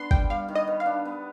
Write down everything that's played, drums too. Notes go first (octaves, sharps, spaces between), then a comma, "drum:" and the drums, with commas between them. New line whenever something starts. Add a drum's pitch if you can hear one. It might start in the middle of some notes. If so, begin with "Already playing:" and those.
Already playing: B3 D4 C6
G3 G5, drum: kick G1
G3 F5
D#3
D#5
B3
F5
D4
B3